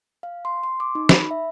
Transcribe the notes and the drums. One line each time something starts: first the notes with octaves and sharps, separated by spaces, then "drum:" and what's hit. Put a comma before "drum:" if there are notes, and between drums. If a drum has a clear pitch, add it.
F5
C6
C6
D6
D#4
B5, drum: snare
E5